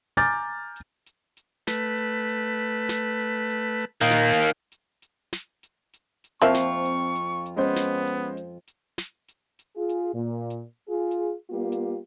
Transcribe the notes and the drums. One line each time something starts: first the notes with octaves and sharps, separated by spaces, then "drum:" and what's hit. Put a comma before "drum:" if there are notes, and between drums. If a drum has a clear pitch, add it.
G#5 A#5 D6 F6 G6 A6
drum: hi-hat
drum: hi-hat
drum: hi-hat
A3 B4, drum: snare
drum: hi-hat
drum: hi-hat
drum: hi-hat
drum: snare
drum: hi-hat
drum: hi-hat
drum: hi-hat
A#2 D#3 A#3
drum: snare
drum: hi-hat
drum: hi-hat
drum: hi-hat
drum: snare
drum: hi-hat
drum: hi-hat
drum: hi-hat
F2 F3 A#3 C4 F4 E5 C#6
drum: snare
drum: hi-hat
drum: hi-hat
drum: hi-hat
G#3 B3 C#4 C5
drum: snare
drum: hi-hat
drum: hi-hat
drum: hi-hat
drum: snare
drum: hi-hat
drum: hi-hat
F4 G#4
drum: hi-hat
A#2
drum: hi-hat
F4 G#4
drum: hi-hat
G3 A#3 B3 F4 G4
drum: hi-hat